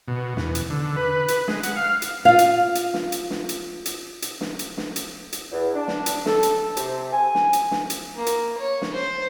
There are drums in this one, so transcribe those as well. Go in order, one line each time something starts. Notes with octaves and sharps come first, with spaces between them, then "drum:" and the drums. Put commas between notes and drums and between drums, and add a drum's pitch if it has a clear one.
B2
E2, drum: snare
drum: hi-hat
D3
B4
drum: hi-hat
G#3, drum: snare
F#5, drum: hi-hat
F5
drum: hi-hat
F4 F5
drum: hi-hat
drum: hi-hat
drum: snare
drum: hi-hat
drum: snare
drum: hi-hat
drum: hi-hat
drum: hi-hat
drum: snare
drum: hi-hat
drum: snare
drum: hi-hat
drum: hi-hat
E2
D4
drum: snare
drum: hi-hat
A4, drum: snare
drum: hi-hat
C3, drum: hi-hat
G#5
drum: snare
drum: hi-hat
drum: snare
drum: hi-hat
A#3
drum: hi-hat
C#5
drum: snare
C5